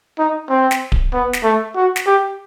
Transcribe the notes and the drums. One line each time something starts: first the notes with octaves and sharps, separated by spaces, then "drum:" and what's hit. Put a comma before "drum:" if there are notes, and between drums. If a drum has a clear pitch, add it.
D#4
C4
drum: snare
drum: kick D1
B3
drum: snare
A3
F#4
drum: snare
G4